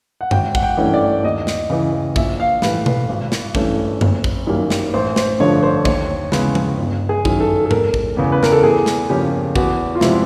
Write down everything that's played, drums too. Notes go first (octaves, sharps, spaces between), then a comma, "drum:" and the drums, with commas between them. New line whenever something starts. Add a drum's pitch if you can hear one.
F#5
G#1 G5, drum: tom F#2
F#5, drum: kick
G5
G2 E3 A3 C#4
D5
D#2 D#5
drum: snare
C#3 E3
A#1 E5, drum: kick
F5
A2 E3 G3 B4, drum: snare
B4, drum: tom B2
G#1
drum: snare
G2 E3 A3 C#4, drum: kick
F#1, drum: tom F#2
drum: kick
F#2 D#3 G3 A#3
drum: snare
A1 C5
C5, drum: snare
G2 D3 F3 A3 C#5
C5
D#2 C#5, drum: kick
C#3 E3 G#3 B3 B4, drum: snare
drum: tom F3
G1
G#4
F#2 D#3, drum: kick
A4
A4
E1 A#4, drum: tom G#2
drum: kick
E2 C#3
B4
A#4, drum: snare
A4
E2 G#4
drum: snare
C#3 F3 A#3 C#4 G4
E2 F#4, drum: kick
F4
C3 F3 G#3 C4 E4, drum: snare